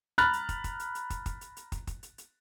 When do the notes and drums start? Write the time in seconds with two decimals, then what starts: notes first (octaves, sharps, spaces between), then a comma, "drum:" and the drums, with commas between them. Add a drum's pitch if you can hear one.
0.18 A#5 B5 F6 F#6 A6, drum: hi-hat
0.33 drum: hi-hat
0.49 drum: kick, hi-hat
0.64 drum: kick, hi-hat
0.80 drum: hi-hat
0.95 drum: hi-hat
1.10 drum: kick, hi-hat
1.26 drum: kick, hi-hat
1.41 drum: hi-hat
1.57 drum: hi-hat
1.72 drum: kick, hi-hat
1.87 drum: kick, hi-hat
2.03 drum: hi-hat
2.18 drum: hi-hat